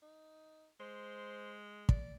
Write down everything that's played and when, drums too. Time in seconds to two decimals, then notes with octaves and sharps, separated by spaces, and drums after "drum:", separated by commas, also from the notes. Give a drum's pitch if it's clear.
0.02 D#4
0.80 G#3 C5
1.89 D5, drum: kick